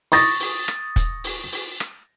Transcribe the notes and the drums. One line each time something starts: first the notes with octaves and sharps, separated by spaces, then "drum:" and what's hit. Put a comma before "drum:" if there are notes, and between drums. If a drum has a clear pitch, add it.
C#6 D#6 A6 A#6, drum: open hi-hat
drum: open hi-hat
drum: rim click
drum: kick, hi-hat
drum: open hi-hat
drum: open hi-hat
drum: rim click